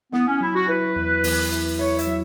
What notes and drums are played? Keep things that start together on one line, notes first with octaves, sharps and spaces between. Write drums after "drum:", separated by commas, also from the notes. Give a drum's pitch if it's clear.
B3 E4, drum: snare
C#4
F#3 E4
F#4
E4 B4
E2
E2, drum: open hi-hat
E4
E4 C#5
E5, drum: hi-hat
F#3